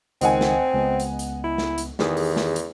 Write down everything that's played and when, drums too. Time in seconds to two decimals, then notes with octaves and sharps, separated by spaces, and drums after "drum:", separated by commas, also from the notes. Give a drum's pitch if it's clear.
0.21 C#2 D#3 C4 D#5 F#5 G#5, drum: hi-hat
0.41 drum: snare
0.74 C#2 B3
1.00 drum: hi-hat
1.19 drum: hi-hat
1.44 E4
1.58 drum: snare
1.78 drum: hi-hat
1.99 E2 D#3 G4 G#4, drum: snare
2.17 drum: open hi-hat
2.36 drum: snare
2.56 drum: hi-hat